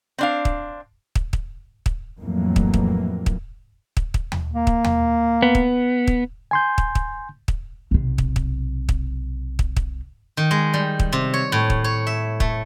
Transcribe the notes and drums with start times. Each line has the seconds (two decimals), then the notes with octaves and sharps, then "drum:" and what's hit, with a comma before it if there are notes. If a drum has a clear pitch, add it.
0.18 C4 D4 F5
0.45 drum: kick
1.15 drum: kick
1.33 drum: kick
1.86 drum: kick
2.21 F2 A2 E3 F#3 A#3
2.56 drum: kick
2.74 drum: kick
3.26 drum: kick
3.97 drum: kick
4.14 drum: kick
4.32 drum: tom D#2
4.53 A#3
4.67 drum: kick
4.84 drum: tom D#2
5.42 B3
5.55 drum: kick
6.07 drum: kick
6.51 G#5 C6 G6
6.78 drum: kick
6.95 drum: kick
7.48 drum: kick
7.91 B1 C3
8.18 drum: kick
8.36 drum: kick
8.89 drum: kick
9.59 drum: kick
9.77 drum: kick
10.37 D#3
10.51 G#3
10.74 G3
11.00 drum: kick
11.13 C3
11.34 C#5
11.52 A2
11.70 drum: kick
11.84 C#5
12.07 E5
12.40 A3, drum: kick